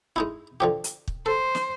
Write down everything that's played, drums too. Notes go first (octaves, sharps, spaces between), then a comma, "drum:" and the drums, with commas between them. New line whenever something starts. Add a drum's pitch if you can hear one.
G#3 D#4 E4
D3 F3 G4
drum: hi-hat
drum: kick
A4 C5
drum: snare